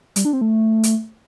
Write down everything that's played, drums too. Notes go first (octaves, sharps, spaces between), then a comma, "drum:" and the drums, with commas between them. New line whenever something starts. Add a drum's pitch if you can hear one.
G3, drum: hi-hat
D4
C4
A3
drum: hi-hat